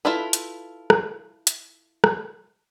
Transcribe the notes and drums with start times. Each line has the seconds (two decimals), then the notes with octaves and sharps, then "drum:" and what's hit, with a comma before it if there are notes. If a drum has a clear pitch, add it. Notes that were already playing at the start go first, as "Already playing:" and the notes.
0.05 E4 F4 A4 B4
0.33 drum: hi-hat
0.90 drum: rim click
1.47 drum: hi-hat
2.04 drum: rim click